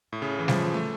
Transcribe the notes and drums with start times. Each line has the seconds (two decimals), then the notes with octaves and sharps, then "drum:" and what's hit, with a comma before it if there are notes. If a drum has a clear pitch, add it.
0.13 A2
0.22 C#3
0.39 E3
0.48 F3, drum: snare
0.74 A3